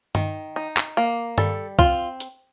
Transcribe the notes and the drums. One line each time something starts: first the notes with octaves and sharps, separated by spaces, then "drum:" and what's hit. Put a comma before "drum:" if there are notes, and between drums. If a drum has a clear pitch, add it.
D#3, drum: tom G2
D#4
drum: clap
A#3
G3 A4, drum: tom G2
C4 F4, drum: kick C2
drum: hi-hat